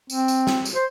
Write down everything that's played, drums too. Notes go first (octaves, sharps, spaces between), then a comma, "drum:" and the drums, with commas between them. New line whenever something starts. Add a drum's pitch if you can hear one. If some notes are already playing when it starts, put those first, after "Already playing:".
C4, drum: tambourine
drum: tambourine
drum: snare
drum: tambourine
C5